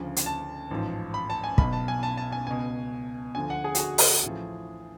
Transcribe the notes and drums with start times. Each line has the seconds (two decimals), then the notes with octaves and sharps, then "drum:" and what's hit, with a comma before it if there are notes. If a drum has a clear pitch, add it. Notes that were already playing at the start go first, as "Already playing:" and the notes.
Already playing: D2 C#3 F3
0.16 drum: hi-hat
0.26 A5
0.71 A1 G#2 F3
1.14 B5
1.30 A5
1.44 G#5
1.58 B1 B2 B5, drum: kick
1.73 A5
1.88 G#5
2.03 A5
2.18 A5
2.32 G#5
2.47 C#2 B2 G#5
3.35 D2 D3 F3 G#5
3.50 F#5
3.64 G#4
3.75 F#4, drum: hi-hat
3.79 G#4
3.98 drum: open hi-hat
4.23 A1 A2 F3